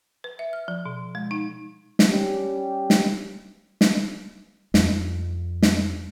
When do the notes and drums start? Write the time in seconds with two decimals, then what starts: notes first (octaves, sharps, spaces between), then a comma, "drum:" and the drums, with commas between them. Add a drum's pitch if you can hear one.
0.24 B4
0.39 E5
0.53 F6
0.68 F3
0.86 B2
1.15 G#3
1.31 D#4
1.99 drum: snare
2.10 G3 C#4 G4
2.90 drum: snare
3.81 drum: snare
4.74 F2, drum: snare
5.62 drum: snare